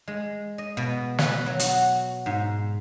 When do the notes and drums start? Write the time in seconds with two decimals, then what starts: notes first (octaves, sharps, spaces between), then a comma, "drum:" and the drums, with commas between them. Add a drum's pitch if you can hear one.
0.08 G#3
0.58 D#5
0.77 B2
1.18 B4, drum: snare
1.46 F#3
1.59 F#4, drum: hi-hat
2.26 G#2